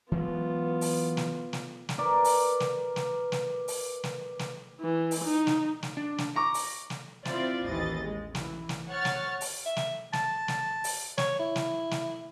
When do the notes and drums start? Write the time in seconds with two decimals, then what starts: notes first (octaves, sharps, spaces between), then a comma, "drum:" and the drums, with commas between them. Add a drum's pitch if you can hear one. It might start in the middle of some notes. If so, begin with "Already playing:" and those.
0.12 E3 F#3 G#3 B3 F4
0.81 drum: open hi-hat
1.17 drum: snare
1.53 drum: snare
1.89 drum: snare
1.98 A#4 B4 D5
2.24 drum: open hi-hat
2.60 drum: snare
2.96 drum: snare
3.32 drum: snare
3.68 drum: open hi-hat
4.04 drum: snare
4.39 drum: snare
4.81 E3
5.11 drum: open hi-hat
5.24 D#4
5.47 drum: snare
5.83 drum: snare
5.97 D4
6.18 drum: snare
6.36 A#5 C#6 D6
6.54 drum: open hi-hat
6.90 drum: snare
7.25 C4 E4 F4 C5 D5 E5, drum: snare
7.65 A1 D#2 E3 D#5 A6
8.02 G#3
8.35 E3, drum: snare
8.69 drum: snare
8.90 C#5 F#5 C#6 F6 A6
9.05 drum: snare
9.41 drum: open hi-hat
9.66 E5
9.77 drum: snare
10.13 A5, drum: snare
10.48 drum: snare
10.84 drum: open hi-hat
11.18 C#5, drum: snare
11.39 E4
11.56 drum: snare
11.91 drum: snare